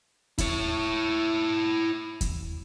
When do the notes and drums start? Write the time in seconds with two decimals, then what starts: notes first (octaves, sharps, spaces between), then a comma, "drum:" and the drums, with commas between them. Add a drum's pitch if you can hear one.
0.38 E4 C#5, drum: kick D#2, hi-hat
2.21 drum: kick D#2, hi-hat